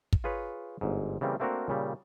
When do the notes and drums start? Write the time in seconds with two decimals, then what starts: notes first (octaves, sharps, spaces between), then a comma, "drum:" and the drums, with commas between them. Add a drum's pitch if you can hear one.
0.13 drum: kick
0.24 F4 G#4 B4 C#5
0.81 G1 G#2
1.21 C#3 E3 G3 A#3 C4
1.40 A3 A#3 C4 D4 F#4 A#4
1.68 A#2 C#3 G3